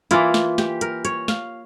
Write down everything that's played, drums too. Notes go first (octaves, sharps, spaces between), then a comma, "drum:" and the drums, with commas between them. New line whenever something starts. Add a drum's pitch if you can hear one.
E3 A#3 E4 F4, drum: hi-hat
drum: snare
G4, drum: snare
A#4, drum: hi-hat
C#5, drum: hi-hat
F5, drum: snare